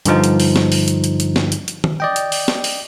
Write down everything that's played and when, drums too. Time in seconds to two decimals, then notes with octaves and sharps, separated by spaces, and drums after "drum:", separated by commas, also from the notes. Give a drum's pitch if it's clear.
0.06 G2 D3 F3 D#4, drum: hi-hat
0.24 drum: hi-hat
0.40 drum: open hi-hat
0.56 drum: snare
0.72 drum: open hi-hat
0.88 drum: hi-hat
1.04 drum: hi-hat
1.20 drum: hi-hat
1.36 drum: snare
1.52 drum: hi-hat
1.68 drum: hi-hat
1.84 drum: tom D#3
2.00 D5 D#5 G5
2.16 drum: hi-hat
2.32 drum: open hi-hat
2.48 drum: snare
2.64 drum: open hi-hat